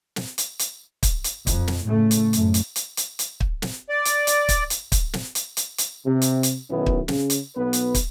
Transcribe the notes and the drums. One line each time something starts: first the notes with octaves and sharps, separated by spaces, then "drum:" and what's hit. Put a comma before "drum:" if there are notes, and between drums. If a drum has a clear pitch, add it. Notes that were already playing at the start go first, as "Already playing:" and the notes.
drum: snare
drum: hi-hat
drum: hi-hat
drum: kick, hi-hat
drum: hi-hat
F2, drum: kick, hi-hat
drum: snare
A2 C#3 A3
drum: hi-hat
F#2 A3, drum: hi-hat
drum: hi-hat
drum: hi-hat
drum: hi-hat
drum: hi-hat
drum: kick
drum: snare
D5
drum: hi-hat
drum: hi-hat
drum: kick, hi-hat
drum: hi-hat
drum: kick, hi-hat
drum: snare
drum: hi-hat
drum: hi-hat
drum: hi-hat
C3
drum: hi-hat
drum: hi-hat
B1 B2 D#3 B3 C#4 E4
drum: kick
C#3, drum: snare
drum: hi-hat
B1 B2 B3 B4
drum: hi-hat
drum: kick, hi-hat